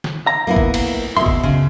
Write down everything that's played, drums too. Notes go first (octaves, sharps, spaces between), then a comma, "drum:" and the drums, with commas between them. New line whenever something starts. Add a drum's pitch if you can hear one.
drum: snare
A#5
A#3 B3 E4
drum: kick
drum: cymbal
B2 E5 C6
drum: kick
C#3